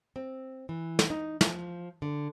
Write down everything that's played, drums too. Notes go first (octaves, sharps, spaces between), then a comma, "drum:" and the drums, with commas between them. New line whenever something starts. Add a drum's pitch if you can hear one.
C4
E3
drum: snare
D#4
F3, drum: snare
D3